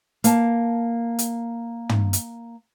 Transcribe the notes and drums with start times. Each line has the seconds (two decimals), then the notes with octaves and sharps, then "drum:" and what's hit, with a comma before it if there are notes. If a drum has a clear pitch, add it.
0.24 A#3 A5, drum: hi-hat
1.19 drum: hi-hat
1.89 drum: tom
2.13 drum: hi-hat